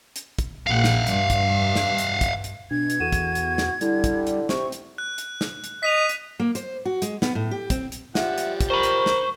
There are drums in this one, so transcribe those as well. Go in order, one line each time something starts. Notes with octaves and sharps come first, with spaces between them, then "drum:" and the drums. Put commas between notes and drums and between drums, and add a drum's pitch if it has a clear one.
drum: hi-hat
drum: kick, hi-hat
A#1 F5 F#5
drum: snare
G2, drum: hi-hat
drum: kick, hi-hat
drum: snare
drum: hi-hat
drum: kick, hi-hat
drum: hi-hat
B2 D4 G#6
drum: hi-hat
E2 F#4 A4 D#7 E7
drum: kick, hi-hat
drum: hi-hat
drum: snare
D3 G3 E4, drum: hi-hat
drum: kick, hi-hat
drum: hi-hat
C3 C4 C#6, drum: snare
drum: hi-hat
F#6
drum: hi-hat
drum: snare
drum: hi-hat
D#5 B6 D#7 F7
drum: hi-hat
A#3
C5, drum: hi-hat
F#4
G#3, drum: hi-hat
B3, drum: snare
A2
G4
C4, drum: kick, hi-hat
drum: hi-hat
F3 G3 G4 E5 F#5, drum: snare
drum: hi-hat
drum: kick, hi-hat
A#4 C5 B5 C#6
drum: hi-hat
drum: snare